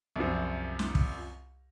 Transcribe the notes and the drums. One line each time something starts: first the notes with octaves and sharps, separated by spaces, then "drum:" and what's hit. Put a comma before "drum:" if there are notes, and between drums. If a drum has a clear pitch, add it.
C2 F#2 F3
drum: snare
drum: kick